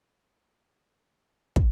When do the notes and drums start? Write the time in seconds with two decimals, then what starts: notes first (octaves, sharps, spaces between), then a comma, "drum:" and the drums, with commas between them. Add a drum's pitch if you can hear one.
0.63 C3
0.86 A#3
1.12 F#2 B3
1.56 drum: kick